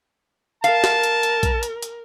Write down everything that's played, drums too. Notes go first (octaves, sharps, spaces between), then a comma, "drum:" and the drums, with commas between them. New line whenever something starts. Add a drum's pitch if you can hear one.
A#4 F5 A5, drum: hi-hat
drum: snare
drum: hi-hat
drum: hi-hat
drum: kick A#1, hi-hat
drum: hi-hat
drum: hi-hat